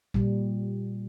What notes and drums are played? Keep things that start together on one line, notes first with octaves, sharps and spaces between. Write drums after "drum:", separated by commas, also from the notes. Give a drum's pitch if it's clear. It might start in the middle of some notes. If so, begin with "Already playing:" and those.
A#2 G3, drum: kick